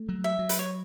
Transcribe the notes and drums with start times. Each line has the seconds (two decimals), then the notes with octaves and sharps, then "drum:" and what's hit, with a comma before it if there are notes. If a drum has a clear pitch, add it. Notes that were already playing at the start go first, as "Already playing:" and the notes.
Already playing: A3
0.09 F#3
0.24 E5
0.39 F#3
0.49 B4, drum: hi-hat
0.59 C#5